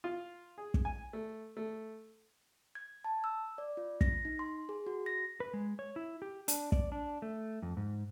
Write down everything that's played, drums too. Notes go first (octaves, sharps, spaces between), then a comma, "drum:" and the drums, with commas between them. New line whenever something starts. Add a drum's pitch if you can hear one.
F4
G#4
drum: kick
G#5
A3
A3
G#6
A5
E6
D5
F4
A#6, drum: kick
D#4
C6
G#4
F#4
A#6
B4
G#3
C#5
E4
G4
D4, drum: hi-hat
D5, drum: kick
D4
A3
F2
G#2